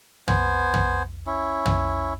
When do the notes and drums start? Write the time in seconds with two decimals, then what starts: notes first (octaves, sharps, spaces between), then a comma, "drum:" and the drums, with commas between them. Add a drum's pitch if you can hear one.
0.28 B3 C5 G#5, drum: tom
0.74 drum: tom
1.27 C#4 E4
1.66 drum: tom